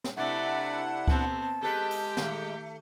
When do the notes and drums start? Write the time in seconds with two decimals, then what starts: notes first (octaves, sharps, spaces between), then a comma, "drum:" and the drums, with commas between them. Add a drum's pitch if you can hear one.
0.04 drum: snare
0.17 C3 A3 D4 E4 D5 E5 F#5
1.08 B3 C4 A5, drum: kick C#2
1.63 G#3 G4 A4 B4 G5
1.91 drum: open hi-hat
2.17 D#3 A3, drum: snare